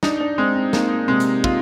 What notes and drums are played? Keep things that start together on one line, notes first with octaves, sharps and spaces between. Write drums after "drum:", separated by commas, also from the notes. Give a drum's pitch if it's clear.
D4 D#4, drum: snare
D4
G#3 C4
C4
A#3 D#4, drum: snare
C3 G#3
drum: hi-hat
F4, drum: kick